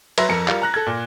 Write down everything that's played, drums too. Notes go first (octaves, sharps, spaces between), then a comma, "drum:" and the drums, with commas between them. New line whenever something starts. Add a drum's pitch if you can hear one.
F#3 B4 E5 C6 A#6, drum: cymbal
F2 A#4 C#7
G3 F4 A#4, drum: clap
A#5 F#6 A#6
A4 G#6
A#2